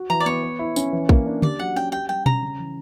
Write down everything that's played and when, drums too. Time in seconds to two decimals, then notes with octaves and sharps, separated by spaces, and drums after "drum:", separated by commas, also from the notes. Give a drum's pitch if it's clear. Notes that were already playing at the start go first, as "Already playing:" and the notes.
Already playing: F#4
0.10 E3 A#5
0.20 D5
0.26 B3 C#5
0.43 B4
0.59 E4
0.76 C#4, drum: tambourine
0.93 E3
1.09 A#3, drum: kick
1.26 D4
1.42 G4 D5, drum: tom
1.59 F#3 F#5
1.76 C#4 G5
1.92 G4 G5
2.09 G3 G5
2.26 C#4 A#5, drum: tom B2
2.42 C#3
2.59 E3